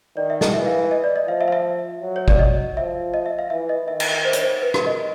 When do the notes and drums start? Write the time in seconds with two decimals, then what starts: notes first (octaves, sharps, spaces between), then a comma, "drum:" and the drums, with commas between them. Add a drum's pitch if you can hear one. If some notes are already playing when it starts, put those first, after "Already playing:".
0.17 D#3 D5
0.30 E5
0.41 D#5, drum: snare
0.53 E3 E5
0.66 F5
0.79 E5
0.91 D#5
1.04 D5
1.16 D#5
1.28 F3 F5
1.41 E5
1.48 F5
1.52 E5
2.02 F#3
2.16 C#5
2.28 D5, drum: kick
2.39 D#5
2.76 F3 E5
3.14 D#5
3.26 E5
3.39 F5
3.50 E3 E5
3.69 D#5
3.87 D#3 E5
4.00 E5, drum: cymbal
4.12 E5
4.25 C5
4.33 C#5, drum: hi-hat
4.41 C5
4.62 B4
4.74 A#4, drum: rim click
4.86 D#5